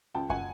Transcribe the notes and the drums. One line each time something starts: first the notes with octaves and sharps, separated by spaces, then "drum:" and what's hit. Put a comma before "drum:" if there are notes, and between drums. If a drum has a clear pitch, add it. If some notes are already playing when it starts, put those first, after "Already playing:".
C#2 G5 A5
F#5 G#5, drum: kick F#2